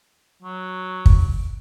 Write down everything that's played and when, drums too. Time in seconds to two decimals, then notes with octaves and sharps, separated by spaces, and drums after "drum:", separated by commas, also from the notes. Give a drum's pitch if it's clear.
0.42 F#3
1.06 drum: kick